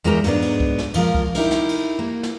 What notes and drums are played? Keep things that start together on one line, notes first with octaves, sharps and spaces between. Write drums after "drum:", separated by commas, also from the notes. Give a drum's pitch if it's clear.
E2 G#3 F#4 G4 A#4 A#5
G#2 F#3 A#3 B3 D4, drum: cymbal
drum: cymbal
drum: kick C2
drum: snare
A#2 F3 G#3 A#4, drum: cymbal
drum: kick C2
D#4 E4 G4 A#4, drum: cymbal
drum: snare
drum: cymbal
A#3
drum: snare